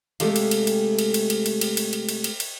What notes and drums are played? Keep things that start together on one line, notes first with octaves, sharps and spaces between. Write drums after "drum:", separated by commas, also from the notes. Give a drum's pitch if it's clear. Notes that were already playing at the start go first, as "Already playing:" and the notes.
C3 G#3 A3 G4 F5, drum: cymbal
drum: cymbal
drum: cymbal
drum: cymbal
drum: cymbal
drum: cymbal
drum: cymbal
drum: cymbal
drum: cymbal
drum: cymbal
drum: cymbal
drum: cymbal
drum: cymbal
drum: cymbal